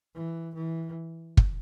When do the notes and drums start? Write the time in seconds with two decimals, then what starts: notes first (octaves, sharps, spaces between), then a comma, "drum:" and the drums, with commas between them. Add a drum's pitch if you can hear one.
0.15 E3
0.55 E3
1.37 drum: kick